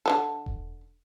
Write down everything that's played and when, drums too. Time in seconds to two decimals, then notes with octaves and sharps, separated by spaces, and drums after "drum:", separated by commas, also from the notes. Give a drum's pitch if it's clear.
0.06 D3 G#3 A4
0.46 drum: kick E1